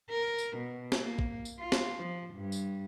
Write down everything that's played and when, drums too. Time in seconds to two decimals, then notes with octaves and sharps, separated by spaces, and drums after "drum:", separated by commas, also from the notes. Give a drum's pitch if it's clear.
0.10 A#4
0.38 drum: tambourine
0.57 B2
0.92 drum: snare
1.01 A#3
1.19 drum: kick
1.45 drum: tambourine
1.59 F4
1.72 drum: snare
1.99 F3
2.34 G2
2.52 drum: tambourine